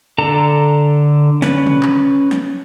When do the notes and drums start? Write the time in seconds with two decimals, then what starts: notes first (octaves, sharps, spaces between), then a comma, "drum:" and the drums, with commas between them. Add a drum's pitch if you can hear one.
0.18 D3 A4 A#5
1.42 C#4 B4, drum: snare
1.67 drum: tom
1.83 drum: clap
2.31 drum: snare